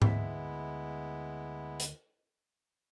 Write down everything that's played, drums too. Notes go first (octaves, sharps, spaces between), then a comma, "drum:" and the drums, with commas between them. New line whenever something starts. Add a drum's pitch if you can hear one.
D2 G#3 B3 E4 E5, drum: tom G#2
drum: hi-hat